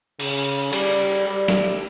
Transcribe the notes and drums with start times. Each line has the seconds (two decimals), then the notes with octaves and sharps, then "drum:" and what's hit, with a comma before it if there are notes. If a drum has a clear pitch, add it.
0.20 C#3, drum: cymbal
0.73 G3, drum: cymbal
1.27 G3
1.48 drum: snare